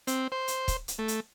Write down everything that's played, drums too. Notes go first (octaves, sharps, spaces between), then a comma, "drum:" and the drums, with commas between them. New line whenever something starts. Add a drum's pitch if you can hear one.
C4, drum: hi-hat
C5
drum: hi-hat
drum: kick, hi-hat
drum: hi-hat
A3
drum: hi-hat